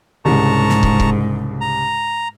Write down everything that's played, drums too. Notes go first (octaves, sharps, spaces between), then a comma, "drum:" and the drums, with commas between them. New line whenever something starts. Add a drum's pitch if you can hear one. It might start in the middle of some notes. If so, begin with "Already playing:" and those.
C2 G#2 C#3 G4 A5 A#5 C#6
drum: snare
drum: kick
drum: kick
A#5